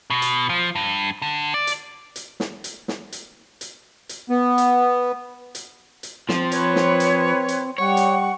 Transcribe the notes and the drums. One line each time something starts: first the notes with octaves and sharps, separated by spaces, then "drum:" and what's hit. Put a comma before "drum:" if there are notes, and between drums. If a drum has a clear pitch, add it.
B2
drum: hi-hat
F3
G2
D3
D5
drum: hi-hat
drum: hi-hat
drum: snare
drum: hi-hat
drum: snare
drum: hi-hat
drum: hi-hat
drum: hi-hat
B3
drum: hi-hat
drum: hi-hat
drum: hi-hat
F3 C4, drum: snare
B4 C#5, drum: hi-hat
drum: snare
drum: hi-hat
drum: hi-hat
G3 C#5 F#5 C#6
drum: hi-hat